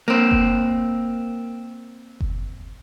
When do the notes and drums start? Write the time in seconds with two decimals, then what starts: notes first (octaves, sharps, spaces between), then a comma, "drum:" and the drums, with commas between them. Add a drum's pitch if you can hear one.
0.08 A#3 C4
0.31 drum: kick F#1
2.21 drum: kick F#1